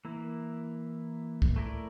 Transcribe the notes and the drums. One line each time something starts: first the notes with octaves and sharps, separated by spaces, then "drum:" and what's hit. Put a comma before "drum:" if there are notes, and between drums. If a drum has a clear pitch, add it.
E3 A#3 E4
drum: kick
A3 E4 A#4 D5